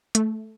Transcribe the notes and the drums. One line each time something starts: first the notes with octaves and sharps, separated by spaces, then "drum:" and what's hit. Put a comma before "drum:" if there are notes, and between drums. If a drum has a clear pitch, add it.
A3, drum: hi-hat